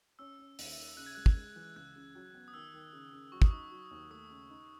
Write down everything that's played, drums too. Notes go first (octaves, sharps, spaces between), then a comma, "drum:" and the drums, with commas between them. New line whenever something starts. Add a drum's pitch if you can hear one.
C#4 E6
C#4
D#2, drum: open hi-hat
D#3
C#3 F#6
G#6
G#3 F#6
drum: kick
G#3
E3
C#2 F#6
C#3
F#3
B3
D#6
D#3 E6
D#3
C#3
C#3
F#3 C#6
D#6, drum: kick
D#4 C#6
F#3
D#2
A3 D#6
C#3
D#4